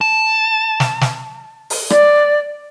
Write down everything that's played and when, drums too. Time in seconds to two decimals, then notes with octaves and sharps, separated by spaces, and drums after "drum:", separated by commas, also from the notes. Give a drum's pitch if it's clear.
0.01 A5
0.80 drum: snare
1.01 drum: snare
1.70 drum: open hi-hat
1.90 D5, drum: rim click